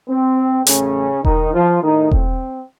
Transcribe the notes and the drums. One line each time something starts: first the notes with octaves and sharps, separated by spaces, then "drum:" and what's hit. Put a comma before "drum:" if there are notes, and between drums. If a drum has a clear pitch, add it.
C4
A1 A2 C#3 A3 C#4, drum: hi-hat
D#3 D#4, drum: kick E1
F3 F4
A2 D#3 A3 D#4
C4, drum: kick E1